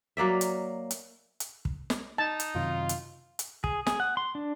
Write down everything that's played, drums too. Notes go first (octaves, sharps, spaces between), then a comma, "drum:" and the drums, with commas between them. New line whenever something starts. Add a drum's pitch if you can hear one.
F#3 A#3 D5 E5
drum: hi-hat
drum: hi-hat
drum: hi-hat
drum: kick
drum: snare
D#4 A5
drum: hi-hat
F#2 C3 D#3 F4
drum: hi-hat
drum: hi-hat
G#4, drum: kick
G#4, drum: snare
F#5
C6
D4